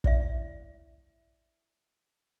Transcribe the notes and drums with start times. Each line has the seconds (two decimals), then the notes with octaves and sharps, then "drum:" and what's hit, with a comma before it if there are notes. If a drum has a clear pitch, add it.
0.04 E4 D5 E5, drum: kick